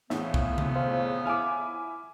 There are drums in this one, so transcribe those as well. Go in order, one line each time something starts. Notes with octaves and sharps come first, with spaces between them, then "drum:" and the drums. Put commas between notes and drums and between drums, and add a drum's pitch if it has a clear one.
F2 A2 C#3 E3 B3 E5, drum: snare
drum: kick C2
drum: tom C3
C5 F5
E4 G#5 D6 F6